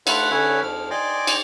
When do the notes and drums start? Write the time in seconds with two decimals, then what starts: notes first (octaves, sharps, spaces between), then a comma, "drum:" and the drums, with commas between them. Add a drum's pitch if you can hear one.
0.07 A3 F4 B4 E5 F#5, drum: cymbal
0.31 D3 C#4 B4 C#5 E5
0.62 F2 F3 F6
0.91 D5 D#5 G5 G#5 C6 D6
1.27 drum: cymbal